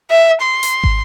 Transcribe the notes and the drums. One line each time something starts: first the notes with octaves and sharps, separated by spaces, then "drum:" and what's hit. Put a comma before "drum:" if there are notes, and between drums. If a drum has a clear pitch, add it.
E5
C6
drum: hi-hat
drum: kick